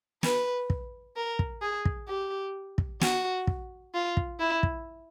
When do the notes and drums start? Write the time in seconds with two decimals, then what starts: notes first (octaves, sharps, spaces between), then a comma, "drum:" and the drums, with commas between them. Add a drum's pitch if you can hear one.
0.23 B4, drum: snare
0.70 drum: kick
1.16 A#4
1.39 drum: kick
1.62 G#4
1.85 drum: kick
2.08 G4
2.78 drum: kick
3.01 F#4, drum: snare
3.47 drum: kick
3.94 F4
4.17 drum: kick
4.40 E4
4.63 drum: kick